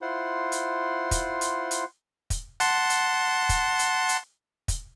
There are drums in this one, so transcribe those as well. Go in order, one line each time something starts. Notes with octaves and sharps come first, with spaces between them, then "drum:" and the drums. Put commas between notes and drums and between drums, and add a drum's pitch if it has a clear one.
E4 F4 C5 F#5 C6
drum: hi-hat
drum: kick, hi-hat
drum: hi-hat
drum: hi-hat
drum: kick, hi-hat
F#5 A5 C6, drum: hi-hat
drum: hi-hat
drum: kick, hi-hat
drum: hi-hat
drum: hi-hat
drum: kick, hi-hat